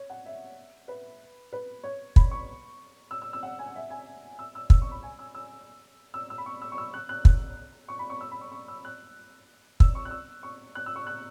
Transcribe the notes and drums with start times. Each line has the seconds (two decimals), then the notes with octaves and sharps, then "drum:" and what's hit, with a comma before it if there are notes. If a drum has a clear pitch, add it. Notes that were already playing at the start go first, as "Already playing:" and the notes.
Already playing: C#5
0.10 F#5
0.26 E5
0.88 B4
1.53 B4
1.83 C#5
2.16 B5, drum: kick
2.31 C#6
3.11 E6
3.22 E6
3.33 E6
3.43 F#5
3.59 G#5
3.75 E5
3.90 G#5
4.39 E6
4.55 E6
4.70 E6, drum: kick
4.82 C#6
4.91 B5
5.03 G#5
5.19 E6
5.35 E6
6.14 E6
6.30 E6
6.38 B5
6.46 C#6
6.62 E6
6.72 C#6
6.78 E6
6.94 F#6
7.09 F#6
7.25 F#6, drum: kick
7.88 C#6
7.99 B5
8.10 C#6
8.21 E6
8.31 B5
8.41 C#6
8.52 C#6
8.68 E6
8.85 F#6
9.80 E6, drum: kick
9.95 C#6
10.05 F#6
10.11 E6
10.43 C#6
10.75 F#6
10.86 E6
10.96 C#6
11.07 F#6